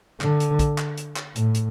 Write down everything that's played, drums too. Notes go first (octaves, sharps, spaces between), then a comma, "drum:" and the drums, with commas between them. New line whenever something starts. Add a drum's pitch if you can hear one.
D3, drum: clap
drum: hi-hat
drum: kick, hi-hat
drum: clap
drum: hi-hat
drum: clap
A2, drum: hi-hat
drum: hi-hat